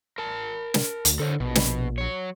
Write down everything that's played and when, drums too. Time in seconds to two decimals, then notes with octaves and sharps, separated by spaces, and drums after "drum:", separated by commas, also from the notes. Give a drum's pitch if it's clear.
0.18 A#4 A5
0.74 drum: snare
1.05 D2, drum: hi-hat
1.20 D3 A4 C5 C#5
1.40 A#1 B2
1.55 drum: snare
1.98 F#3 C#5